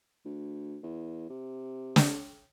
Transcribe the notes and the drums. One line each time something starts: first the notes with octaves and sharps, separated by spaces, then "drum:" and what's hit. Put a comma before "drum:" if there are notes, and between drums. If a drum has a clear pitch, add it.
D2
E2
C3
drum: snare